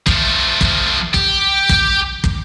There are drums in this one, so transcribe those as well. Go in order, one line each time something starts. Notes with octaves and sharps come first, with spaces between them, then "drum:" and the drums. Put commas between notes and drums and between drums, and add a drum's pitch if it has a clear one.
F3 A3, drum: kick
drum: kick
G4, drum: kick
drum: kick
drum: kick